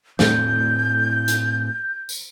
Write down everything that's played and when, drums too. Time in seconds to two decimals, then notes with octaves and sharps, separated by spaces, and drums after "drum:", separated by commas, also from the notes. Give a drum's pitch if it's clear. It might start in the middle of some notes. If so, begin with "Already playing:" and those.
0.19 A2 A3 C4 G6, drum: snare
1.28 drum: hi-hat
2.09 drum: tambourine